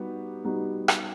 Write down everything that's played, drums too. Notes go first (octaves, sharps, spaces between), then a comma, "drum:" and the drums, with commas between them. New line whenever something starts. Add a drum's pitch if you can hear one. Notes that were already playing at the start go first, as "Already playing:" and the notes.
Already playing: G3 B3 D#4 F#4
G3 B3 D#4 F#4
drum: rim click